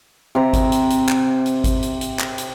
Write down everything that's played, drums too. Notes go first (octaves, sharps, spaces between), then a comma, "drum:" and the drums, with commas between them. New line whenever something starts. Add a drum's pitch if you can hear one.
C3 A#5
drum: kick G#1, hi-hat
drum: hi-hat
drum: hi-hat
drum: clap
drum: hi-hat
drum: kick G#1, hi-hat
drum: hi-hat
drum: hi-hat
drum: clap
drum: hi-hat